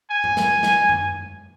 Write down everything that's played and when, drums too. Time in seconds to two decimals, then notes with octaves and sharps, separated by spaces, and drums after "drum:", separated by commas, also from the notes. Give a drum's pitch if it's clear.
0.11 G#5
0.24 drum: tom G2
0.37 drum: snare
0.63 drum: snare
0.89 drum: tom F#2